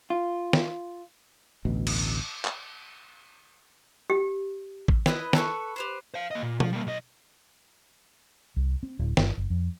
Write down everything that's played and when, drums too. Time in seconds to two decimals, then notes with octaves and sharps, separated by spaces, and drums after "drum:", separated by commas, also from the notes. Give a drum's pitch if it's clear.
0.10 F4
0.53 drum: snare
1.65 A1 D2 B2
1.87 drum: cymbal
2.45 drum: clap
4.10 G4
4.88 drum: kick A1
5.06 E4 B4 C#5 D#5, drum: snare
5.33 A4 B4 G#5 C#6, drum: snare
5.76 G4 B4 C5
6.14 C5 F5
6.31 A#3 D#5
6.42 A#2
6.60 F3, drum: tom B2
6.73 G3 A#3
6.87 B1 D#5
8.56 C2
8.83 C4
8.99 D1
9.17 G1, drum: snare
9.37 F#1
9.50 F2